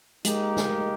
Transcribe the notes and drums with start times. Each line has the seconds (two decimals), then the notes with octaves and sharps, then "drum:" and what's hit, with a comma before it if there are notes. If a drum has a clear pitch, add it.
0.25 G#3 A#3 D#4 G4 A#4, drum: hi-hat
0.57 drum: snare